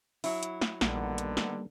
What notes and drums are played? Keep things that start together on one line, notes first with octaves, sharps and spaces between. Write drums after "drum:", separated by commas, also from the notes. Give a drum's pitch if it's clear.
F#3 E4, drum: open hi-hat
drum: hi-hat
drum: snare
A#1 D3 D#3 G3 A#3 B3, drum: snare
drum: hi-hat
drum: snare